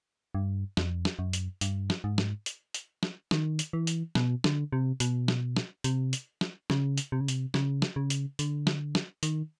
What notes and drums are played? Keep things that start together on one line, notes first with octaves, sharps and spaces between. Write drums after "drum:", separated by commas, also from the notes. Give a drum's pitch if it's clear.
G2
F2, drum: snare
drum: snare
F#2
drum: hi-hat
G2, drum: hi-hat
drum: snare
G#2
drum: snare
drum: hi-hat
drum: hi-hat
drum: snare
D#3, drum: snare
drum: hi-hat
E3
drum: hi-hat
B2, drum: snare
D3, drum: snare
C3
B2, drum: hi-hat
drum: snare
drum: snare
C3, drum: hi-hat
drum: hi-hat
drum: snare
C#3, drum: snare
drum: hi-hat
C3
C#3
C3, drum: hi-hat
C#3, drum: snare
drum: snare
C#3
drum: hi-hat
D3, drum: hi-hat
drum: snare
drum: snare
D#3, drum: hi-hat